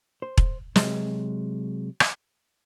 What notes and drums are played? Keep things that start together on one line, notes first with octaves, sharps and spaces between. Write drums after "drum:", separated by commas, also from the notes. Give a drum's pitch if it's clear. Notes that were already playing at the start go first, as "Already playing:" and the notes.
C5
drum: kick E1
C3 F#3 G#3, drum: snare
drum: rim click